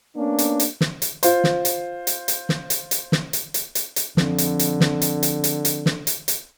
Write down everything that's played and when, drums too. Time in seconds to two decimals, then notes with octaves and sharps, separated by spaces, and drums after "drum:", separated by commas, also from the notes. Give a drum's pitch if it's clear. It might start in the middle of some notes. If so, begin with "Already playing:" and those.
0.17 A#3 B3 C#4 D4
0.39 drum: hi-hat
0.60 drum: hi-hat
0.81 drum: snare
1.02 drum: hi-hat
1.23 F4 C5, drum: hi-hat
1.44 drum: snare
1.65 drum: hi-hat
2.07 drum: hi-hat
2.28 drum: hi-hat
2.49 drum: snare
2.70 drum: hi-hat
2.91 drum: hi-hat
3.12 drum: snare
3.33 drum: hi-hat
3.54 drum: hi-hat
3.75 drum: hi-hat
3.96 drum: hi-hat
4.17 D3 F3 C4, drum: snare
4.38 drum: hi-hat
4.59 drum: hi-hat
4.80 drum: snare
5.02 drum: hi-hat
5.23 drum: hi-hat
5.44 drum: hi-hat
5.65 drum: hi-hat
5.86 drum: snare
6.07 drum: hi-hat
6.28 drum: hi-hat